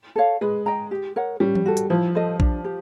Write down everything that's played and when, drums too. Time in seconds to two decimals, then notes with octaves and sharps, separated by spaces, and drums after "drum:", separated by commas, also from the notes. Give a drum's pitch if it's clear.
0.16 A4 C#5 F5
0.41 G#3 B4
0.66 D#5 G5 A#5
0.91 G4
1.16 A#4 C#5 F#5
1.40 G3 C#4
1.55 drum: tom E3
1.66 F#4 A4
1.77 drum: hi-hat
1.90 F3 E4
2.15 A4 C5 D#5
2.40 D4, drum: kick A#1
2.64 G4